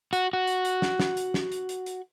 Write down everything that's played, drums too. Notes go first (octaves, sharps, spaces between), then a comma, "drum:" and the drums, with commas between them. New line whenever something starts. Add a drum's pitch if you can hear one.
F#4, drum: hi-hat
F#4
drum: hi-hat
drum: hi-hat
drum: snare
drum: snare
drum: hi-hat
drum: snare
drum: hi-hat
drum: hi-hat
drum: hi-hat